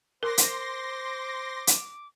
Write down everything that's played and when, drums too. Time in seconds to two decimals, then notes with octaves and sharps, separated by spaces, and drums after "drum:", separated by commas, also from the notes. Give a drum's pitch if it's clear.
0.23 A#4 C5 C6 D6 A#6
0.38 drum: hi-hat
1.67 drum: hi-hat